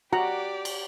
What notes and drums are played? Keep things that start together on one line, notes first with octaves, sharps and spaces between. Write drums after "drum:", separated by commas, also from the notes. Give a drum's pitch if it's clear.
F#4 G4 D5 F#5 A#5
drum: cymbal